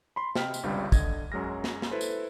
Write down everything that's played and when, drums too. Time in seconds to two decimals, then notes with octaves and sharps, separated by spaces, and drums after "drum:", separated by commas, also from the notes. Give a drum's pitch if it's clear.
0.16 B5 C6
0.35 C3 D#5 G5 F6 B6, drum: snare
0.54 drum: tambourine
0.63 G1 C#2 G2 C3 G3
0.92 D3 D#5 G#6, drum: kick, tambourine
1.32 F#2 F#3 G#3 F6 A#6
1.64 drum: snare
1.82 drum: snare
1.91 E4 A4 B4 C5
2.01 drum: tambourine